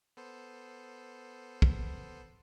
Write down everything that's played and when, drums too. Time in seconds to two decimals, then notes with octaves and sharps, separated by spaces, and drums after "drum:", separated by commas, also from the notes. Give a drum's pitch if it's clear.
0.17 B3 A4 C5
1.62 drum: kick